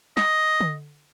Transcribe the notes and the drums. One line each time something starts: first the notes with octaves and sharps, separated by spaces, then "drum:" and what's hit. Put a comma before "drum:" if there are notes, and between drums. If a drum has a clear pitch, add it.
D#5, drum: snare
drum: tom D3